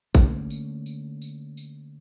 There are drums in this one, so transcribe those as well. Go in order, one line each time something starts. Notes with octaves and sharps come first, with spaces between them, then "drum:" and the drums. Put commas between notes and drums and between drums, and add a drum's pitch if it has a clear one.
D3 A3 A#3 C#4, drum: kick G#1, tambourine
drum: tambourine
drum: tambourine
drum: tambourine
drum: tambourine